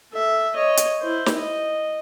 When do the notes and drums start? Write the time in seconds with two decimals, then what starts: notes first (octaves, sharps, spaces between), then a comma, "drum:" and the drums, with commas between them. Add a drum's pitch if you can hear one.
0.12 A4 E5
0.56 C#5 D#5
0.77 drum: hi-hat
1.01 E4 C5
1.26 drum: snare
1.36 D#5